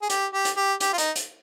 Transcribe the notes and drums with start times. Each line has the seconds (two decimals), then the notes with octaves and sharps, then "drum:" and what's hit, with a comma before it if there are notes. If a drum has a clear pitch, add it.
0.02 G#4
0.10 G4, drum: hi-hat
0.33 G4
0.45 drum: hi-hat
0.57 G4
0.80 G4, drum: hi-hat
0.93 F4
0.98 D#4, drum: hi-hat
1.16 drum: hi-hat